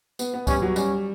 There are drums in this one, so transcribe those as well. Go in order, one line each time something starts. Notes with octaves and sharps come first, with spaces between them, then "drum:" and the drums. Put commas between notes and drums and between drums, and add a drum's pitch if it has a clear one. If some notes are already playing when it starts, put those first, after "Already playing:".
B3, drum: tambourine
B3
G3 C#4, drum: kick C#2, tambourine
F#3
G3 C#4, drum: tambourine